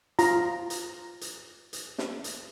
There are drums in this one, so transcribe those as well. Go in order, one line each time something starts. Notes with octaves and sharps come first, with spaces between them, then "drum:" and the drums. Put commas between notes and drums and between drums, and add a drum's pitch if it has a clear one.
F4 A#5, drum: hi-hat
drum: hi-hat
drum: hi-hat
drum: hi-hat
drum: snare
drum: hi-hat